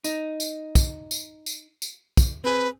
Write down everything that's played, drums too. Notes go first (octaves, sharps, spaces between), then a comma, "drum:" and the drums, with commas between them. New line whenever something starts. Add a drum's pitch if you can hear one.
D#4, drum: tambourine
drum: tambourine
drum: kick, tambourine
drum: tambourine
drum: tambourine
drum: tambourine
drum: kick, tambourine
C4 G#4 B4